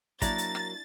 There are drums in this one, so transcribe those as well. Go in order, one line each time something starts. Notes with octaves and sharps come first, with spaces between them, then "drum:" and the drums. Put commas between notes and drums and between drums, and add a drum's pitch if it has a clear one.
F#3 A#3 D4 E4 D5 A#5 A6, drum: kick, hi-hat
drum: hi-hat
drum: rim click